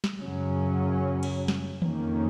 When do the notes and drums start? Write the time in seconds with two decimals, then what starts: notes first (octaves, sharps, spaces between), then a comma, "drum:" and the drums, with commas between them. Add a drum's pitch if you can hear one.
0.04 drum: snare
0.20 F#2 C#3 F#3 C#4
1.23 drum: cymbal
1.48 drum: snare
1.82 F2 D#3 A#3 C#4, drum: tom D#3